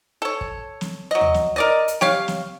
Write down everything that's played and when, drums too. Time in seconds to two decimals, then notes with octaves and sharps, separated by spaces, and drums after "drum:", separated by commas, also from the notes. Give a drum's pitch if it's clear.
0.22 A4 C#5
0.41 drum: kick
0.81 drum: snare
1.11 F#3 D#5
1.21 drum: tom D#2
1.34 drum: snare
1.56 A#4 D5 D#5
1.88 drum: hi-hat
2.01 G4 C#5 F5, drum: snare
2.28 drum: snare